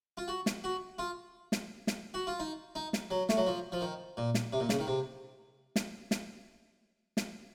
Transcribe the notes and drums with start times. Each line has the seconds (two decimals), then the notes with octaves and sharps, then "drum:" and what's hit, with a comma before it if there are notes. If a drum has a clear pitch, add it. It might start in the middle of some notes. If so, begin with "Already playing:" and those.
0.17 F4
0.28 F#4
0.46 drum: snare
0.64 F#4
0.99 F4
1.52 drum: snare
1.87 drum: snare
2.14 F#4
2.27 F4
2.40 D#4
2.75 D#4
2.93 drum: snare
3.11 F#3
3.29 A3, drum: snare
3.37 F#3
3.47 F3
3.72 F3
3.81 D#3
4.17 A#2
4.34 drum: snare
4.53 C3
4.60 A#2
4.69 C#3, drum: snare
4.79 D#3
4.87 C3
5.76 drum: snare
6.11 drum: snare
7.17 drum: snare